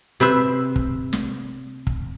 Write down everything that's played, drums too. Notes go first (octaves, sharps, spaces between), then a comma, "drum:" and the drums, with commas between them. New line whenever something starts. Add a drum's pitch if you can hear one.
C3 B4 C5 E5
drum: kick
drum: snare
drum: kick